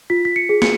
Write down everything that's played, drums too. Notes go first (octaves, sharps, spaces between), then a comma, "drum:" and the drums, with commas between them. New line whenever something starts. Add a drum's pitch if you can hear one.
F4 B6
B6
C#7
G#4
C#7, drum: snare